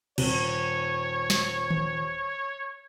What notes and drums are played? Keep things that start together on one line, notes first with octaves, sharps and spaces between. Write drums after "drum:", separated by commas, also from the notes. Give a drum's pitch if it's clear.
D#1 C#5, drum: cymbal
drum: snare
drum: tom D#3